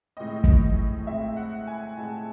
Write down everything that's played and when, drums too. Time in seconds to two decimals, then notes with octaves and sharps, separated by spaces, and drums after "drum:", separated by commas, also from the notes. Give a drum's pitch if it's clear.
0.17 A2 G#3 C4 D#5
0.44 drum: kick
1.07 A2 G#3 C4 E5
1.37 F#5
1.67 G#5
1.97 A2 G#3 C4 A5